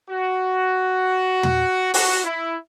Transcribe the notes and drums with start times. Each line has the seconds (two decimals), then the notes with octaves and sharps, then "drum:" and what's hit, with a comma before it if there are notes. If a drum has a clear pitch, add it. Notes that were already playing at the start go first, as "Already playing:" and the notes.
0.10 F#4
1.43 drum: tom
1.94 F#4, drum: open hi-hat
2.25 E4